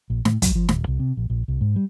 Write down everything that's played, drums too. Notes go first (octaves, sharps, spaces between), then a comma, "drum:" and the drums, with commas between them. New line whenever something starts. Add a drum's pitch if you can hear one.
A#1
A2, drum: snare
F#3, drum: kick, hi-hat
F3
D#1, drum: snare
C2
C3
A#1
A#1
C2
G#2
G3